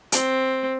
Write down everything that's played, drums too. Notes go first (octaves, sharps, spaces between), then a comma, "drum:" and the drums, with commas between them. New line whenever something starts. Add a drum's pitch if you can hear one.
C4, drum: hi-hat